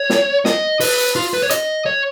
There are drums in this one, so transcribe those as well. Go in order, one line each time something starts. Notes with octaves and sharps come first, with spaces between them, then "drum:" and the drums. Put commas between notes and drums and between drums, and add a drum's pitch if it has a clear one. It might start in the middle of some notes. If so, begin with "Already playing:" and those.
Already playing: C#5
drum: snare
D#5, drum: snare
B4, drum: open hi-hat
F4
B4
C#5
D#5, drum: hi-hat
C#5